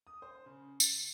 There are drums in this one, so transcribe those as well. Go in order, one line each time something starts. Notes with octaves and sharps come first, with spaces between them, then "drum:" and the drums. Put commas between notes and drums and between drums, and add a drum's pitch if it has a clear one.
D#6
C5
C#3
A6, drum: tambourine